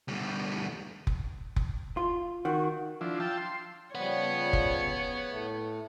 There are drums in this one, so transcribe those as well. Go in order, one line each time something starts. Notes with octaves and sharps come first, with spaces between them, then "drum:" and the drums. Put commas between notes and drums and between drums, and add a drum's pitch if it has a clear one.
D2 G3
drum: kick F1
drum: kick F1
F4
D#3 F#4
F3 D4 E4
F4 G5 A5 E6
C6
C#3 F3 G3 B4 C#5 F#5
drum: kick F1
A2 A3